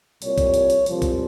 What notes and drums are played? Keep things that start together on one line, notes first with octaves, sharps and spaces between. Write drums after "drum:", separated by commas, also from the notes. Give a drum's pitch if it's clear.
C2 A#2 G3 C#5, drum: hi-hat
drum: kick B1, hi-hat
drum: hi-hat
drum: hi-hat
C2 A#2 F3, drum: hi-hat
drum: kick B1, hi-hat